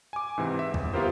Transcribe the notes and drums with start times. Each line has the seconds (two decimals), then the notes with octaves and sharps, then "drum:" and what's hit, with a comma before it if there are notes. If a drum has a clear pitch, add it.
0.13 G#5 D6
0.38 G#2 C3 E3
0.59 E5
0.74 G1, drum: kick
0.94 B3 E4 F4 G4 A#4 C5